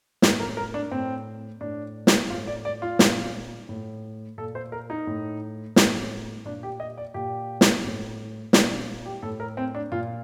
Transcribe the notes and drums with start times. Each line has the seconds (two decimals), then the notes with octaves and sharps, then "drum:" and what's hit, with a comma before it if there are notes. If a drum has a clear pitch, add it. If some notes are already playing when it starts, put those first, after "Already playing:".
0.22 A2 A#4, drum: snare
0.40 A#4
0.57 A#4
0.74 D4
0.91 A2 C4
1.61 A2 D4
2.07 drum: snare
2.30 A2 F4
2.47 D5
2.65 D5
2.82 F4
2.99 A#2, drum: snare
3.69 A2
4.38 A#2 A4
4.55 C5
4.72 A#4
4.90 D#4
5.07 A2
5.76 A2, drum: snare
6.45 A#2 D4
6.63 G4
6.80 D#5
6.98 D5
7.14 A#2 G4
7.61 drum: snare
7.84 A2
8.53 A#2 D4, drum: snare
8.71 D4
9.05 G4
9.23 A2 A4
9.40 A#4
9.57 C4
9.75 D4
9.92 A#2 F4